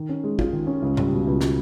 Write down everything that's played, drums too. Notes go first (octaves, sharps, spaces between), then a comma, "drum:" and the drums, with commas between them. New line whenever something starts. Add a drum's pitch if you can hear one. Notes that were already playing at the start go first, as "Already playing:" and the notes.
Already playing: D#3
C#4
G#3
F4, drum: kick
D#3
C#4
C#2
G3, drum: tom G#2
B2
C#2
drum: snare